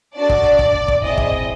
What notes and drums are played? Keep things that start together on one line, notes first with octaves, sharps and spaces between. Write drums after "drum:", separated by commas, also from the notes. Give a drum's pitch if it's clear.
D4 F#4 A4 D5
drum: kick
drum: kick
drum: kick
C4 E4 G#4 D#5
drum: kick